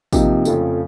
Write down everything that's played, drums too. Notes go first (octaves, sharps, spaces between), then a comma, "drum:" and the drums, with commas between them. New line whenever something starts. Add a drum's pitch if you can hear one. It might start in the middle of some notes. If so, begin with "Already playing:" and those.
C3 F3 A#3 D#4 G4, drum: kick A1, tambourine
F2 C#3 F3 A3, drum: tambourine